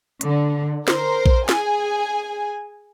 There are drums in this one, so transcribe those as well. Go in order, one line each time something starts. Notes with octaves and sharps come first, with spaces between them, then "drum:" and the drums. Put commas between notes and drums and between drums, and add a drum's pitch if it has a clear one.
D3, drum: hi-hat
A#4 C5, drum: snare
drum: kick A#1
G#4 G#5, drum: snare